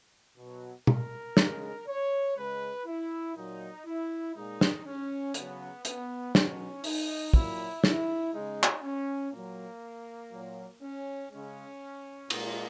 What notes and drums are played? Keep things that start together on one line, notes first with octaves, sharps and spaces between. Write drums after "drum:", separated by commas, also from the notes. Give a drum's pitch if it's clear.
B2 F#3
A#4, drum: tom B2
C#3 G#3, drum: snare
C#5
C#3 G#3 B4
E4
A#2 F#3 D#4
E4
A#2 G#3 D#4
drum: snare
C#4
C#3 F#3 B3, drum: hi-hat
B3, drum: hi-hat
B2 F#3 C#4, drum: snare
D#4, drum: open hi-hat
A#2 F#3 E4, drum: kick
E4, drum: snare
C#3 G#3 D#4
drum: clap
C#4
A#2 F#3 A#3
A#2 F#3
C#4
C#3 G#3 C#4
A#2 G#3 A#3, drum: cymbal